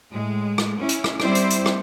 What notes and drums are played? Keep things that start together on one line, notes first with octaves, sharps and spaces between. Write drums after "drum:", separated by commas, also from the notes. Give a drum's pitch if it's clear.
A2 G#3
drum: rim click
C#4 E4
drum: hi-hat
drum: rim click
G3 C4 E4 C5 D5, drum: rim click
drum: hi-hat
drum: hi-hat
drum: rim click